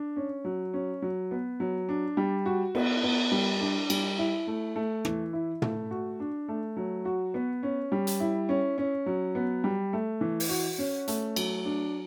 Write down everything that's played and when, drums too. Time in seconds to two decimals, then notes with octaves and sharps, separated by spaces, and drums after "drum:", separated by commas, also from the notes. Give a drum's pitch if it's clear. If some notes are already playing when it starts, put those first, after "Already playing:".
Already playing: D4
0.16 C#4
0.45 F#3
0.74 C#4
1.02 F#3
1.31 B3
1.60 F#3
1.89 D4
2.17 G3
2.46 F#4
2.75 B3, drum: cymbal
3.03 B3
3.32 G3
3.61 D4
3.90 G3, drum: cymbal
4.18 E4
4.47 A3
4.76 A3
5.05 E3, drum: rim click
5.33 E4
5.62 A3, drum: tom
5.91 F#4
6.20 D4
6.48 A3
6.77 F#3
7.05 F#4
7.34 B3
7.63 C#4
7.92 G3
8.07 drum: hi-hat
8.20 E4
8.49 C#4
8.78 C#4
9.06 F#3
9.35 B3
9.64 G3
9.93 A3
10.21 E3
10.40 drum: open hi-hat
10.49 F#4
10.78 C#4
11.08 A3, drum: hi-hat
11.36 F#3, drum: cymbal
11.65 D4